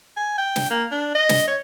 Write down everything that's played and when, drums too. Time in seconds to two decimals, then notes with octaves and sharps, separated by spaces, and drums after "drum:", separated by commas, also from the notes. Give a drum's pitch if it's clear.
0.17 G#5
0.38 G5
0.56 drum: snare
0.70 A#3
0.92 D4
1.15 D#5
1.29 drum: snare
1.48 C#5